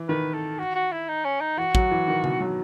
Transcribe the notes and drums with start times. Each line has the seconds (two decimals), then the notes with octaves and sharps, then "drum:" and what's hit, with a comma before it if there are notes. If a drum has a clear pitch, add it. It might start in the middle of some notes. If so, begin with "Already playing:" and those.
Already playing: E3
0.09 D#3 B4
0.34 A4
0.59 F#4
0.75 F#4
0.92 E4
1.09 D#4
1.25 C#4
1.41 D#4
1.57 E3 F#4
1.75 F#3, drum: kick
1.91 E3
2.08 D#3
2.24 B2, drum: tom C#3
2.41 F#3